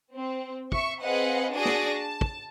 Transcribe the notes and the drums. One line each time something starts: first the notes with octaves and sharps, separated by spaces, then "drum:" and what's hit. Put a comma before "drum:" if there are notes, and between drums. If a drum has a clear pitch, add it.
C4
E5 C#6, drum: kick
C4 G#4 B4 D#5 F5 F#5
D4 F#4 G#4 D5 D#6 A#6
drum: snare
A5
drum: kick